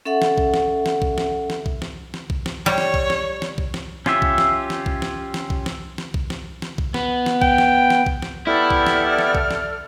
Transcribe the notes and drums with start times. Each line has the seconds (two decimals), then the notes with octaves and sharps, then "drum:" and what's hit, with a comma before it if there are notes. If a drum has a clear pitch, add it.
0.05 C#4 A4 E5 F#5
0.22 drum: snare
0.38 drum: kick B1
0.54 drum: snare
0.86 drum: snare
1.02 drum: kick B1
1.18 drum: snare
1.50 drum: snare
1.66 drum: kick B1
1.82 drum: snare
2.14 drum: snare
2.30 drum: kick B1
2.46 drum: snare
2.66 G3 C#5
2.78 drum: snare
2.94 drum: kick B1
3.10 drum: snare
3.42 drum: snare
3.58 drum: kick B1
3.74 drum: snare
4.06 C#4 F4 G4 E5, drum: snare
4.22 drum: kick B1
4.38 drum: snare
4.70 drum: snare
4.86 drum: kick B1
5.02 drum: snare
5.34 drum: snare
5.50 drum: kick B1
5.66 drum: snare
5.98 drum: snare
6.14 drum: kick B1
6.30 drum: snare
6.62 drum: snare
6.78 drum: kick B1
6.94 B3, drum: snare
7.26 drum: snare
7.42 G5, drum: kick B1
7.58 drum: snare
7.90 drum: snare
8.06 drum: kick B1
8.22 drum: snare
8.47 B3 E4 G4 A4 D5 F6
8.71 drum: kick B1
8.87 drum: snare
9.19 drum: snare
9.35 drum: kick B1
9.51 drum: snare